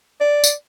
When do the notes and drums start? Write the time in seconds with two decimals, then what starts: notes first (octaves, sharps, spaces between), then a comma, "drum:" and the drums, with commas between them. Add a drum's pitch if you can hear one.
0.21 D5
0.44 drum: tambourine